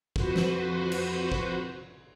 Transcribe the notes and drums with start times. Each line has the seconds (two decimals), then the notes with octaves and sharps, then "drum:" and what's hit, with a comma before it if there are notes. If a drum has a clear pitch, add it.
0.16 F2 F#4 B4 C5, drum: kick
0.36 drum: snare
0.92 drum: cymbal
1.32 drum: kick